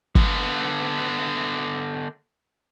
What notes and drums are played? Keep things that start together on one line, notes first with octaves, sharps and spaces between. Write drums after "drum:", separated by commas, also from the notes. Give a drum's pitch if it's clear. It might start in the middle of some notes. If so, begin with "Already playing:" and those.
D3 B3, drum: kick